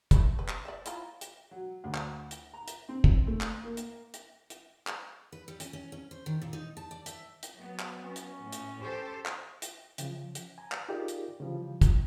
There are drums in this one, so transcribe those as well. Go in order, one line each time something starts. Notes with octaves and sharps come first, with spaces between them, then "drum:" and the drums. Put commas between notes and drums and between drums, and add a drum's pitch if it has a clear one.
A3 B5, drum: kick, hi-hat
B4
drum: clap
D5 E5
E4 F4 A#5, drum: hi-hat
drum: hi-hat
F#3
D2
drum: clap
drum: hi-hat
A#5
drum: hi-hat
C4
drum: kick
A3
drum: clap
A#3
drum: hi-hat
drum: hi-hat
drum: hi-hat
drum: clap
B4
G3
C#4, drum: hi-hat
C#4
C#4
C5
D#3
A#2
D#4
A5
D5
E5, drum: hi-hat
drum: hi-hat
F#3 B3
drum: clap
C#4
drum: hi-hat
A2
drum: hi-hat
G4 A4 C5
drum: clap
drum: hi-hat
C#3 F3, drum: hi-hat
drum: hi-hat
G#5 A#5
drum: clap
D#4 F4 G4 G#4 A#4 D5
drum: hi-hat
C#3 E3 F3 G3
drum: kick, hi-hat